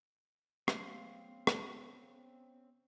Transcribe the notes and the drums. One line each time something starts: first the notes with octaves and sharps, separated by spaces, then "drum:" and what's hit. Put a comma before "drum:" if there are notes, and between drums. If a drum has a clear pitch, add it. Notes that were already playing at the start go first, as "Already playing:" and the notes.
C#3 F#3 A3 B3 C4 F5 C6, drum: rim click
drum: rim click